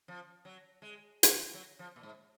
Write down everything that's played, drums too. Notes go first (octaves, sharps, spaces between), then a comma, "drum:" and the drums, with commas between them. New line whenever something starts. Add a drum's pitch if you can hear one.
F3
F#3
G#3
drum: hi-hat
F#3
F3
A#2
G#2